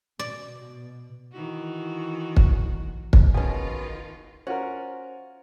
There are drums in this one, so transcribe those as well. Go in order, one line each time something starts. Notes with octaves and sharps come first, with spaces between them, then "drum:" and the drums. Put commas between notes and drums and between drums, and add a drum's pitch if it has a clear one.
B2 D5
D#3 E3 F#4
drum: kick
drum: kick
B2 D#3 C#4 F4 G#4
C#4 F4 F#4 A#4 C5